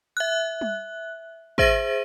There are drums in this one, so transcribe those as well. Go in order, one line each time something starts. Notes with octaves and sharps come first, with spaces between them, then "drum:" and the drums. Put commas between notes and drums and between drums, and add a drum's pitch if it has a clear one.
E5 F#6
drum: tom G3
G#4 C5 E5 A#6 D#7, drum: kick